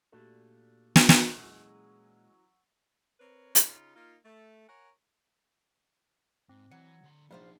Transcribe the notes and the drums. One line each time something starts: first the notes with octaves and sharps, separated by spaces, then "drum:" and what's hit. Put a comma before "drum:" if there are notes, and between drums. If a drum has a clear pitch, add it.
A#2 A3 D4 F#4 G4
drum: snare
drum: snare
E3 F#3 G#3 C#4 G#4 F#5 C#6 E6
C4 A#4 B4 C#5
C#3 D#4 F4, drum: hi-hat
A#3 D#4 F4
A3
A#4 C#5 F#5 G#5
G#2 C4
E3 F#3 C#7
D2 B5
A#1 B3 D#4 F4 C5 F5